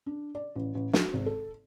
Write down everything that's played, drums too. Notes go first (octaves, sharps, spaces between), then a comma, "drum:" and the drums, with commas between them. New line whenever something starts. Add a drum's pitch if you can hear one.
D4
D5
A1
A1
F#4, drum: snare
G#1
A4